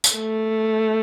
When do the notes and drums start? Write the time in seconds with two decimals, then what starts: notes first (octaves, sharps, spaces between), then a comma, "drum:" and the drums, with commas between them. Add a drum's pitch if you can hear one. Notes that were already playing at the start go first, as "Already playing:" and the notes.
0.04 drum: tambourine
0.15 A3